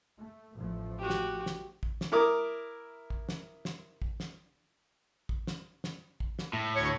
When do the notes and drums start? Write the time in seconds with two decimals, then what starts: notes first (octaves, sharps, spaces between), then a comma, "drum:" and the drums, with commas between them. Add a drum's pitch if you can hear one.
0.19 A3
0.55 A1 F3 A3
0.99 F#4 G4
1.10 drum: snare
1.46 drum: snare
1.83 drum: kick
2.01 drum: snare
2.12 E4 A#4 D6 D#6
3.10 drum: kick
3.29 drum: snare
3.65 drum: snare
4.02 drum: kick
4.20 drum: snare
5.29 drum: kick
5.47 drum: snare
5.84 drum: snare
6.20 drum: kick
6.39 drum: snare
6.53 A2
6.76 D2 C#5 C#6